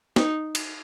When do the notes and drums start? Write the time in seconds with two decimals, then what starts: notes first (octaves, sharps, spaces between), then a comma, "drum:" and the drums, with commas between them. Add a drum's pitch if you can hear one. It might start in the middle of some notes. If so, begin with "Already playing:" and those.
0.16 D#4, drum: snare
0.55 drum: cymbal